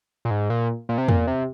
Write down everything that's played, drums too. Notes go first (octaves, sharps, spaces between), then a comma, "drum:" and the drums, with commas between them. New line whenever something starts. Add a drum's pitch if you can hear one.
A#2
G#2
A#2
A#2
C3
A#2, drum: tom E2
C3